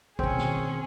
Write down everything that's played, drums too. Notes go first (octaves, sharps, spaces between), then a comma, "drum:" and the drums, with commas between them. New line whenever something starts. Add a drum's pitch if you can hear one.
B2 D#3 C4 C#4 G#4, drum: kick G#1
drum: snare